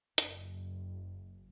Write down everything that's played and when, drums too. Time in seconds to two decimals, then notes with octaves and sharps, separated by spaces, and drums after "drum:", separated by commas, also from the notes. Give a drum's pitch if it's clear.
0.18 F#1, drum: hi-hat